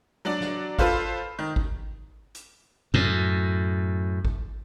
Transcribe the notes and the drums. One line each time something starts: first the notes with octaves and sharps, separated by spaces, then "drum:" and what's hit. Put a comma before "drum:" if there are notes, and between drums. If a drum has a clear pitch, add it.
F#3 D4 F#4 D5
drum: snare
F4 A4 B4 C5 F5, drum: kick G#1
D#3
drum: kick G#1
drum: hi-hat
F#2 A2
drum: kick G#1